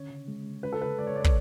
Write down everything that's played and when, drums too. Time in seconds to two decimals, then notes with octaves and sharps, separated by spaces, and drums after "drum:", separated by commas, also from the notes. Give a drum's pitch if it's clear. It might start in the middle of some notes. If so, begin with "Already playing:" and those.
Already playing: D3 C#4 C#5
0.10 C#3
0.28 G#3
0.45 C#3
0.63 C#4 B4
0.73 A4
0.80 C#3 B4
0.98 G#3 D5
1.07 C#5
1.15 C#3 D5
1.20 B4
1.24 C#5, drum: kick